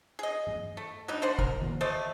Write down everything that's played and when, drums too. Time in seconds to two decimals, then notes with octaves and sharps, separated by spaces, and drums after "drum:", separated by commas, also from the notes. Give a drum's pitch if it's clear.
0.19 G#4 D#5
0.47 drum: tom G2
0.77 A3
1.08 F#3 G3 D4 D#4
1.22 D3 D4 C5 F#5
1.39 A#4, drum: kick
1.62 drum: tom D#3
1.81 A3 C5 D5 D#5